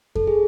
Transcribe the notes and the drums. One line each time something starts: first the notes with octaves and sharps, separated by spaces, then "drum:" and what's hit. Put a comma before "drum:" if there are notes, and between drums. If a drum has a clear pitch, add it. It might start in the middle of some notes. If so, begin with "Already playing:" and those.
A4, drum: kick F2
G#4